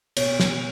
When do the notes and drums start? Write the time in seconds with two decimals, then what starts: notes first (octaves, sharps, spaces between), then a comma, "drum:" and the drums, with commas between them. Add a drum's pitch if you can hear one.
0.17 B2 C#5, drum: cymbal
0.40 drum: snare